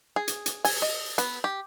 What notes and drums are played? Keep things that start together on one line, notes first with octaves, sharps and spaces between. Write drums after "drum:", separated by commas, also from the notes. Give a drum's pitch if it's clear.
G#4
drum: hi-hat
drum: hi-hat
G#5, drum: open hi-hat
D#5
B3, drum: hi-hat
G4